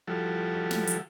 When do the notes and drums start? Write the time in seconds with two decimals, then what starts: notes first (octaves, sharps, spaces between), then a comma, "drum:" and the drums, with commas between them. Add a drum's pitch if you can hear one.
0.07 F3 G3 E4 F#4 A4
0.71 drum: snare
0.87 drum: hi-hat